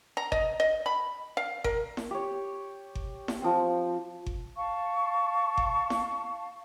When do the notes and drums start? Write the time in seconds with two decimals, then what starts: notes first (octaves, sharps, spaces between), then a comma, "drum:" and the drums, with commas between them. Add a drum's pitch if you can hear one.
0.17 A#5
0.32 D#5, drum: kick G1
0.60 D#5
0.86 B5
1.37 F5
1.64 A#4, drum: kick G1
1.97 drum: snare E4
2.11 G4 C#5
2.95 drum: kick G1
3.28 drum: snare E4
3.42 F3 C4
4.26 drum: kick G1
4.56 F5 A5 C#6
5.57 drum: kick G1
5.90 drum: snare E4